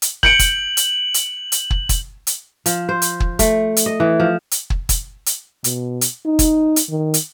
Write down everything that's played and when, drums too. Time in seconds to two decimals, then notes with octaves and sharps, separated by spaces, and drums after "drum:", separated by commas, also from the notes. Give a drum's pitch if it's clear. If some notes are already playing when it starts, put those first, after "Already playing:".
0.02 drum: hi-hat
0.23 G6 C#7 D7 F#7, drum: kick
0.39 drum: kick, hi-hat
0.77 drum: hi-hat
1.14 drum: hi-hat
1.52 drum: hi-hat
1.71 drum: kick
1.89 drum: kick, hi-hat
2.27 drum: hi-hat
2.66 F3, drum: hi-hat
2.89 C5
3.02 drum: hi-hat
3.20 drum: kick
3.39 A3, drum: kick, hi-hat
3.77 drum: hi-hat
3.86 D#5
4.00 E3
4.20 F3
4.51 drum: hi-hat
4.70 drum: kick
4.89 drum: kick, hi-hat
5.26 drum: hi-hat
5.64 B2, drum: hi-hat
6.01 drum: hi-hat
6.25 D#4
6.39 drum: kick, hi-hat
6.76 drum: hi-hat
6.90 D#3
7.14 drum: hi-hat